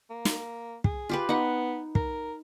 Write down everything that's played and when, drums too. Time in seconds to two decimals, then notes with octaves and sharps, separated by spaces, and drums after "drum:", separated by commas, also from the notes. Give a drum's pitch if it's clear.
0.10 A#3
0.25 drum: snare
0.84 G#4, drum: kick
1.09 F4 G4 B4
1.29 B3 D#4 F#5
1.95 A#4, drum: kick